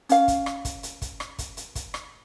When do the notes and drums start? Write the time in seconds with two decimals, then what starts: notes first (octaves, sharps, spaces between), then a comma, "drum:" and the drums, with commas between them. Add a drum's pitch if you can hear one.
0.09 C#4 F5, drum: hi-hat
0.28 drum: kick, hi-hat
0.46 drum: rim click
0.65 drum: kick, hi-hat
0.83 drum: hi-hat
1.02 drum: kick, hi-hat
1.20 drum: rim click
1.38 drum: kick, hi-hat
1.57 drum: hi-hat
1.75 drum: kick, hi-hat
1.94 drum: rim click